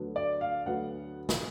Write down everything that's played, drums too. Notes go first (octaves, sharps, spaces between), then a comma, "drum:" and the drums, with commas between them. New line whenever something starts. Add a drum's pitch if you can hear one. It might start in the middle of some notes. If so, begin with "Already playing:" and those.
Already playing: D2 D3 F#3 B3
D5
F5
D2 D3 F#3 B3 F#5
drum: snare